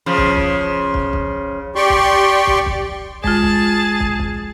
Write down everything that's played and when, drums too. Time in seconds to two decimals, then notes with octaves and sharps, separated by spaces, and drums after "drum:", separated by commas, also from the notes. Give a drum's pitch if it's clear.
0.06 C#3 F3
0.18 drum: kick
0.37 drum: kick
0.94 drum: kick
1.13 drum: kick
1.76 G4 D5 G5 C6 C#6
1.90 drum: kick
2.47 drum: kick
2.66 drum: kick
3.24 G#3 F4 G#4 A5, drum: kick
3.43 drum: kick
4.00 drum: kick
4.19 drum: kick